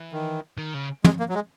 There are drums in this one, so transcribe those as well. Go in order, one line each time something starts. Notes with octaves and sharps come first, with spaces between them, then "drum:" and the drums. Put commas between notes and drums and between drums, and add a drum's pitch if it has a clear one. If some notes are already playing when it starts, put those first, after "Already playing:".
Already playing: E3
D#3
D#3
C#3
G#3, drum: tom
A#3
F#3
G#3